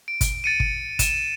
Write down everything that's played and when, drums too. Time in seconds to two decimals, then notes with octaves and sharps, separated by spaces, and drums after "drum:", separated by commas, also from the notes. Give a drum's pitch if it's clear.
0.08 D7
0.21 drum: kick, hi-hat
0.44 A6 C#7 D#7
0.60 drum: kick
0.99 E7, drum: kick, hi-hat